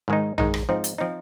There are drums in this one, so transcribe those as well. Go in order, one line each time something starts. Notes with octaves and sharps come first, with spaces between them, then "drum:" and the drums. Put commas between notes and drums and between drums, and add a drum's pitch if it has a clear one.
G#2 D#3 G#3 D#4
G#2 D#3 G#3 D#4, drum: tom
drum: rim click
G#2 F3 C4 D#4
drum: hi-hat
F3 C4 D#4